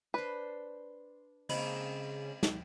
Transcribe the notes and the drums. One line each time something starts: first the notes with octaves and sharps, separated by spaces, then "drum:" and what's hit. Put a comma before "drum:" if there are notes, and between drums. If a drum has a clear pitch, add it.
D4 B4 C5
C#3 G#3 A#3 C4 D#5 B5, drum: cymbal
drum: snare